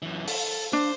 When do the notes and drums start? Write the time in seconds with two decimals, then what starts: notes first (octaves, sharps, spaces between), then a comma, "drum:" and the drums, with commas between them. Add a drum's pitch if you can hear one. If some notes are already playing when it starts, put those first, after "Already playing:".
0.02 F#2 E3
0.28 A4, drum: open hi-hat
0.73 D4 C5